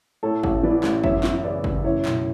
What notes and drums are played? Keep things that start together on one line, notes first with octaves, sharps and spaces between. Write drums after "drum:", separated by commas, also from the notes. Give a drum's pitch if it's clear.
A2 A4 C#5
A1, drum: kick G1
E3 B4 D5
A1, drum: clap
F#2 C#5 E5, drum: kick G1
E3, drum: clap
C#3 B4 D5
F#1, drum: kick G1
A2 C#5 E5
B1, drum: clap